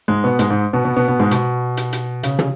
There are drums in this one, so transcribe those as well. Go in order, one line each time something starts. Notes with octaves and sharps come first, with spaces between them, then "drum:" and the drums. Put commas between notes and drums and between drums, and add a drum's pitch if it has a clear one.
G#2 G#3
B2 B3
G#2 G#3, drum: hi-hat
G#2 G#3
B2 B3
B2 B3
B2 B3
B2 B3
G#2 G#3
B2, drum: hi-hat
drum: hi-hat
drum: hi-hat
C#3, drum: hi-hat
drum: tom